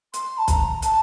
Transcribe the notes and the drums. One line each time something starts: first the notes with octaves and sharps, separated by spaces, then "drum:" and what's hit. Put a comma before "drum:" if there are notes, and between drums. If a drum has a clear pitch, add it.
C6, drum: hi-hat
A5
A#5, drum: kick, hi-hat
A5, drum: hi-hat